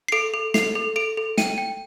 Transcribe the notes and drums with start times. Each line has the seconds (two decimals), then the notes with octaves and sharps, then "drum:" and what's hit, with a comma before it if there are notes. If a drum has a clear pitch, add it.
0.08 C7
0.12 A4 D7
0.34 A4
0.54 A4 C7, drum: snare
0.75 A4
0.96 A4 D7
1.17 A4
1.38 G5 D#7, drum: snare
1.58 G5